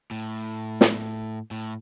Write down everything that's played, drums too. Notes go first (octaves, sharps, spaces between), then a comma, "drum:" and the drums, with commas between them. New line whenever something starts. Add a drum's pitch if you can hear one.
A2
drum: snare
A2